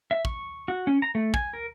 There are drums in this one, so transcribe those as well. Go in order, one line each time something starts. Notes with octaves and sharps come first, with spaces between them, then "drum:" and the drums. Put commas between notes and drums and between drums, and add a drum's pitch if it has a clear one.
E5
C#6, drum: kick
F#4
C#4
A#5
A3
G#5, drum: kick
A#4